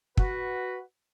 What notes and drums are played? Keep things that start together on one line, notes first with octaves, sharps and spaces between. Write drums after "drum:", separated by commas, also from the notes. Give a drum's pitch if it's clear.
F#4 B4, drum: kick